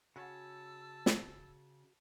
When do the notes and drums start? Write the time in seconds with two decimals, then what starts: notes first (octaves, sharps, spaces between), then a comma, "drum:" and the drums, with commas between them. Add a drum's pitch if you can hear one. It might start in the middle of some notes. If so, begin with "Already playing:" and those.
0.16 C#3 C#4 F#4 A5 E6
1.06 drum: snare